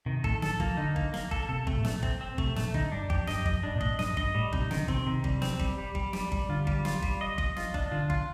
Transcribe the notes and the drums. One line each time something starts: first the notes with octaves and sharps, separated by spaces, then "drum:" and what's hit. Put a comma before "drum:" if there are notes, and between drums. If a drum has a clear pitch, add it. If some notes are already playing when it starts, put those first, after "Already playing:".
C3 D#3
A2 A4, drum: kick G1
D#3 A4, drum: snare
F3 A#3, drum: kick G1
D3 D#4
A#3, drum: kick G1
A#3, drum: snare
A4, drum: kick G1
C3 A4
C3 A3, drum: kick G1
A2
A#2 A3, drum: snare
C4, drum: kick G1
C4
C3 A3, drum: kick G1
A#2 A3, drum: snare
D3 D#4, drum: kick G1
G2 D4
F2 G4, drum: kick G1
G2 D#5, drum: snare
F2 D#5, drum: kick G1
G2 D4
A#2
A2 D#5, drum: kick G1
G2 D#5, drum: snare
G2 D#5, drum: kick G1
A2 G3
C3 D#4, drum: kick G1
D3 D#3, drum: snare
C3 C4, drum: kick G1
C3 D#3
G3, drum: kick G1
C4, drum: snare
G3, drum: kick G1
G3
G3, drum: kick G1
G3, drum: snare
G3, drum: kick G1
D3 F4
G3, drum: kick G1
F4, drum: snare
G3, drum: kick G1
D#5
D#5, drum: kick G1
F4, drum: snare
D4, drum: kick G1
D3 F4
F4, drum: kick G1